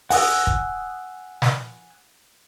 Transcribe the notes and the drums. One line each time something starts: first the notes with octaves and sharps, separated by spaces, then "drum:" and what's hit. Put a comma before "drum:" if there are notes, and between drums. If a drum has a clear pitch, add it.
F#5 G#5 D#6 E6, drum: open hi-hat
drum: kick
drum: snare